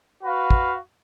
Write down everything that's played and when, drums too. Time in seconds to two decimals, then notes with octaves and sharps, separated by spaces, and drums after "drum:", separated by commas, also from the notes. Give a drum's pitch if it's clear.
0.21 F#4 B4 F5
0.51 drum: kick